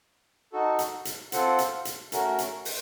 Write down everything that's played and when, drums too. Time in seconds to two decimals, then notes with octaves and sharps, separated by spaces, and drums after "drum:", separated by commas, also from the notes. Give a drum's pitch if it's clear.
0.52 D#4 F#4 A4
0.79 drum: hi-hat
1.05 drum: hi-hat
1.32 C4 F4 A4 C5 F#5, drum: hi-hat
1.59 drum: hi-hat
1.85 drum: hi-hat
2.12 A3 C#4 F#4 A#4, drum: hi-hat
2.39 drum: hi-hat
2.65 drum: open hi-hat